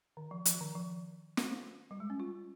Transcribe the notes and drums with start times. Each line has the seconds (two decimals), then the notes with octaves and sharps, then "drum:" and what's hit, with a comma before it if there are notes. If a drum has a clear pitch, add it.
0.17 D#3
0.31 F3
0.45 F3, drum: hi-hat
0.60 D#3
0.75 F3
1.37 drum: snare
1.91 G3
2.00 G#3
2.10 C#4
2.20 F4